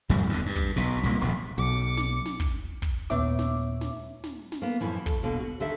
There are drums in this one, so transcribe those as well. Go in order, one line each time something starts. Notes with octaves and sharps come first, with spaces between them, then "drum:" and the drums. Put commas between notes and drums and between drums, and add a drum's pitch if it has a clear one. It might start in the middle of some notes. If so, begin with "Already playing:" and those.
F2 A2 D#3 G3
E2 G2 D3
G2
drum: kick
B1 B2
C2 A#2 A#3
D#1 A#1 B2
B1 D6 C#7
drum: snare
drum: snare
drum: kick
drum: kick
D#2 A#2 B3 C#5 E5 D6, drum: snare
drum: snare
drum: snare
drum: snare
drum: snare
A#3 B3
F#2 A2 E3 F3
A4, drum: kick
B2 D3 A#3
F#4
D3 D#3 A4 E5